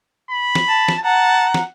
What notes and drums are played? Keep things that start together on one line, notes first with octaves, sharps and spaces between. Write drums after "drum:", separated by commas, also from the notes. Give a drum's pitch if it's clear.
B5
drum: snare
A5
drum: snare
F#5 A5 A#5
drum: snare